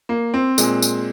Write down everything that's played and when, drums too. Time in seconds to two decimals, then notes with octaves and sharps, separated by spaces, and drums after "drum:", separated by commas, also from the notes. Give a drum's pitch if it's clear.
0.09 A#3
0.34 C4
0.58 A#2 G#3, drum: tambourine
0.82 drum: tambourine